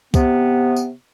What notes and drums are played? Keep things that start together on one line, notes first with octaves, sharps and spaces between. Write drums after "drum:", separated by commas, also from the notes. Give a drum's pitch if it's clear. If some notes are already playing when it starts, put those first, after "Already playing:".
C3 B3, drum: kick, tambourine
drum: tambourine